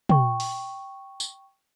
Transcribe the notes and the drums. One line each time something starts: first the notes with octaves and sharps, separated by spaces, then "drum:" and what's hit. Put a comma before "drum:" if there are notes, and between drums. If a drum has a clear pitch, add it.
G5 C#6, drum: tom
drum: open hi-hat
drum: tambourine